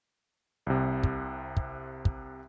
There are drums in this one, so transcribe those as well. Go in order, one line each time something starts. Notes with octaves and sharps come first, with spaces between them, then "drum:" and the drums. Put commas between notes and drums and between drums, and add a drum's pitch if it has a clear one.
C2 C3
drum: kick
drum: kick
drum: kick